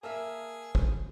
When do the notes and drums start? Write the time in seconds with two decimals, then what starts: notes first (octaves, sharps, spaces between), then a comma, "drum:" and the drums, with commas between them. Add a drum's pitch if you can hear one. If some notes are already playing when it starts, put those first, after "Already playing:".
0.03 A#3 G#4 E5 A5 E6 F6
0.75 drum: kick